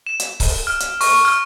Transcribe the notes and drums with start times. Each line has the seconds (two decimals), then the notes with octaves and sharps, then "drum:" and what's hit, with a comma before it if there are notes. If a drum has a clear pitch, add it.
0.07 E7
0.20 drum: hi-hat
0.40 drum: kick C#1, open hi-hat
0.67 F6
0.80 drum: hi-hat
1.01 C#6, drum: open hi-hat
1.25 F6